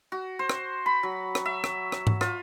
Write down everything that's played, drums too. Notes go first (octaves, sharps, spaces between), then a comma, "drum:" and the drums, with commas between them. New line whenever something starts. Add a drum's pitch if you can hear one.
F#4
C5
drum: rim click
B5
F#3
drum: rim click
E5
drum: rim click
drum: rim click
drum: tom G#2
F4, drum: rim click